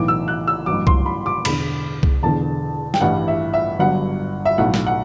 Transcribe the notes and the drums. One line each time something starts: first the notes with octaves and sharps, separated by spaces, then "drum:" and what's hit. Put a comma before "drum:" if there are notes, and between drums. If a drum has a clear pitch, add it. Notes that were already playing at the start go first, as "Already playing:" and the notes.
Already playing: B1 A2 E3 D6
E6
F#6
E6
A1 G2 F#3 D6
C6, drum: kick C2
B5
D6
E1 E2 D3 B5, drum: cymbal
drum: kick C2
E1 E2 D3 A5
G5, drum: snare
A1 G2 E3 G3 F#5
E5
E5
G1 G2 F#3 F#5
E5
B1 A2 F#3 F#5
drum: snare
F#5